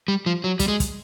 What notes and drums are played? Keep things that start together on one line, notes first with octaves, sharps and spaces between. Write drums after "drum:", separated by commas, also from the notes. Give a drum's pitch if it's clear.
G3
F3
F#3
G3, drum: kick, hi-hat
G#3
drum: kick, hi-hat